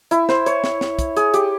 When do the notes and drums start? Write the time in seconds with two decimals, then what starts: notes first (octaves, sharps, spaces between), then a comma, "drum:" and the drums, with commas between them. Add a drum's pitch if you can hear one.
0.11 E4, drum: hi-hat
0.29 C5, drum: snare
0.46 C#5, drum: hi-hat
0.64 drum: snare
0.81 drum: snare
0.99 drum: kick, hi-hat
1.17 G#4, drum: hi-hat
1.34 G4, drum: hi-hat